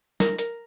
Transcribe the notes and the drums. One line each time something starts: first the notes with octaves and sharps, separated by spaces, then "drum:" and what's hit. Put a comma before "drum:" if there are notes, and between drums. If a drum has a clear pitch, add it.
A#4, drum: snare
A#4, drum: hi-hat